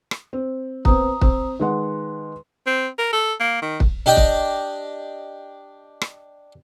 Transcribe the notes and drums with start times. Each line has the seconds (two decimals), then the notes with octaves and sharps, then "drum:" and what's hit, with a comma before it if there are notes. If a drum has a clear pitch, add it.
0.11 drum: rim click
0.33 C4
0.85 B3 C4 A#5 D#6, drum: kick
1.21 C4, drum: kick
1.59 D#3 G#3 B4 F#5 C6
2.66 C4
2.99 A#4
3.13 A4
3.40 A#3
3.62 D#3
3.80 drum: kick
4.06 D4 G4 D#5 G5
4.17 drum: kick
6.01 drum: rim click